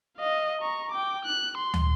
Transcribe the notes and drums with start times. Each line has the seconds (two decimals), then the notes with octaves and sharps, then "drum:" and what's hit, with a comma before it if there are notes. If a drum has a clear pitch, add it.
0.17 D#5 F5
0.61 A#5 C#6
0.92 G5 D6
1.25 F#6
1.57 C6
1.74 drum: tom